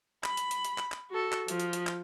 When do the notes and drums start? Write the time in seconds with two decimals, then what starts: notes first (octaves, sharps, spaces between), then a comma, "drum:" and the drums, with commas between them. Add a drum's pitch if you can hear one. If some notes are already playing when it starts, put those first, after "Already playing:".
0.24 B5, drum: clap
0.37 drum: hi-hat
0.51 drum: hi-hat
0.65 drum: hi-hat
0.78 drum: clap
0.92 drum: clap
1.11 F#4 A4
1.32 drum: clap
1.48 F3, drum: hi-hat
1.60 drum: hi-hat
1.73 drum: hi-hat
1.87 drum: clap